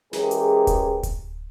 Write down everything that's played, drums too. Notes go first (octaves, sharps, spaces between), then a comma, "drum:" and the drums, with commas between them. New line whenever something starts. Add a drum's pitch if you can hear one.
E3 G#3 C#4 G4 G#4 A#4, drum: snare
drum: hi-hat
drum: kick D1, hi-hat
drum: kick D1, hi-hat